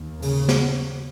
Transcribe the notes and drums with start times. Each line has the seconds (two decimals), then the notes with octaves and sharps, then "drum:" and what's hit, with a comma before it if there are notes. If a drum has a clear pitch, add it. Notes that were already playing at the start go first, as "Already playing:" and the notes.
Already playing: D#2
0.22 C#3, drum: open hi-hat
0.49 drum: snare